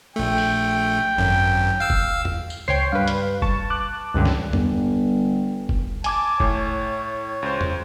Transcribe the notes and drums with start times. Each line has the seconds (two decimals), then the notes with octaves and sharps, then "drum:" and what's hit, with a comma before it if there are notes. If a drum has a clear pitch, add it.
0.16 A#1 A3 G5
0.38 drum: open hi-hat
1.17 G#1 F#2
1.80 F5 E6
1.90 drum: kick F1
2.25 drum: tom E2
2.50 drum: tambourine
2.68 C#2 C5 C#5 G5 C7
2.92 G2 B4 F5
3.08 drum: hi-hat
3.42 A5 C#6, drum: kick F1
3.70 D6 F#6
4.14 C#2 G2 D3
4.25 drum: snare
4.53 G1, drum: tom E2
5.69 drum: kick F1
6.04 G#5 A5 D6 G#6, drum: hi-hat
6.40 A2 C#5, drum: kick F1
7.42 C#2 C5
7.61 drum: tom E2